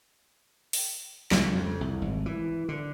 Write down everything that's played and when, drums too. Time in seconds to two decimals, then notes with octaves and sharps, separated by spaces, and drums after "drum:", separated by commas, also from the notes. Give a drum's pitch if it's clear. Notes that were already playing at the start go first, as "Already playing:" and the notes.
0.73 drum: open hi-hat
1.31 C#2, drum: snare
1.55 F2
1.81 C2
2.02 G#1
2.26 E3
2.69 D3